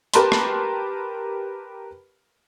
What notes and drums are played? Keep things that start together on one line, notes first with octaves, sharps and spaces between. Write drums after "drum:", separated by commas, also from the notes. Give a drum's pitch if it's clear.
G4 A#4 B4 A5 B5 C6, drum: hi-hat
drum: rim click